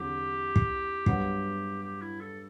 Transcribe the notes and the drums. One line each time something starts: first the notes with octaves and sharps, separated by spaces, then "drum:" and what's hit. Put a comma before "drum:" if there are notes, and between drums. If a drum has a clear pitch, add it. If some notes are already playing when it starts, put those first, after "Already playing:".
Already playing: E2 D3 F#3 C4 G4
drum: kick
G2 F#3 B3 F#4, drum: kick
G4
E4
A4